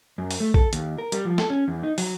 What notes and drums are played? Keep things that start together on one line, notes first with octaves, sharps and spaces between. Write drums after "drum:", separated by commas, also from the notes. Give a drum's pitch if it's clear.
F#2
drum: open hi-hat
A3
A4, drum: kick A#1
D#2, drum: hi-hat
A#4
G3, drum: hi-hat
F3
A4, drum: snare
C#4
E2
D#4
F#3, drum: open hi-hat